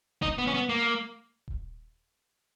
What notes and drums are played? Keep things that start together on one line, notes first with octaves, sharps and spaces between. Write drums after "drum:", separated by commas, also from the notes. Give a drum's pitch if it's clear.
D#4, drum: kick D#1
B3
C#4
B3
A#3
drum: kick D#1